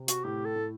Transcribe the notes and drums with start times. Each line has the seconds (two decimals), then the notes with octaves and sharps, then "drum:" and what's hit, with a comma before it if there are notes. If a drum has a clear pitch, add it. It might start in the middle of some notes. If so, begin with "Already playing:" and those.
Already playing: C3
0.08 F#4, drum: hi-hat
0.24 A2 G4
0.45 A4
0.56 A2